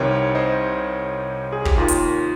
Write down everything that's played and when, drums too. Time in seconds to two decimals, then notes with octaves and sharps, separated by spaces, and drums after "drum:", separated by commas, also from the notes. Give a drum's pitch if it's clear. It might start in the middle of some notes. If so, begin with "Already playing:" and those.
Already playing: C2 C3 D#3 A#4 C#5
0.35 C5 D#5
1.52 G#4
1.65 G4, drum: kick
1.78 D#2 D#3 F4
1.88 drum: hi-hat